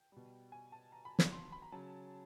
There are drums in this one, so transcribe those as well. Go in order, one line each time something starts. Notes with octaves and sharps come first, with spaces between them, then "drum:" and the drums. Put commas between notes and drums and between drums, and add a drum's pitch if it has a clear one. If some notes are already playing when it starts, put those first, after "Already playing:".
Already playing: G5
B2 G3
G#5
A5
A#5
B5
B5, drum: snare
C6
B5
A#5
C#3 F#3 A5